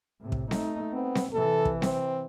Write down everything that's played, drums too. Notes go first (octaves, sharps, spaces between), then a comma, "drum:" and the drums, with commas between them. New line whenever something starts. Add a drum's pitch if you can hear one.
A2 C3
drum: kick
A3 D#4, drum: snare C4
B3 C4
drum: snare C4
C3 E3 A4
drum: kick
C4, drum: snare C4